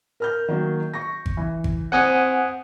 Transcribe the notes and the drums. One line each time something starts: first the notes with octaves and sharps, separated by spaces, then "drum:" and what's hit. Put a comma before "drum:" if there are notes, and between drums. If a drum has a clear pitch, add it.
A#4 F6 G6
D#3 F#3 A#3
C#6 A#6
drum: kick G#1
E3
drum: kick G#1
C4 C5 F#5 G#5 D#6